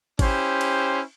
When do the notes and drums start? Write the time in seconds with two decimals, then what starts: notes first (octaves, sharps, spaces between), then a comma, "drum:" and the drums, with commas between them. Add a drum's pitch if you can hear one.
0.19 C#4 E4 G4 C5, drum: kick G#1, cymbal
0.61 drum: cymbal